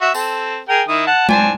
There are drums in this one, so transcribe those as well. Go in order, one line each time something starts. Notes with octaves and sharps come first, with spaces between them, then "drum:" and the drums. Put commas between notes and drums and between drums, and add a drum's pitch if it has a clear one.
F#4 E5 C#6
C4 A4, drum: tambourine
G#4 A#4 G5
D#3 E4 D#6
F#5 A5
C4 D4 G#5, drum: tom G#3